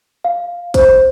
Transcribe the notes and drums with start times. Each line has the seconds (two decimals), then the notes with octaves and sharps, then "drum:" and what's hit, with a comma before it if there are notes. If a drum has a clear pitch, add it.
0.24 F5
0.74 C5, drum: kick, hi-hat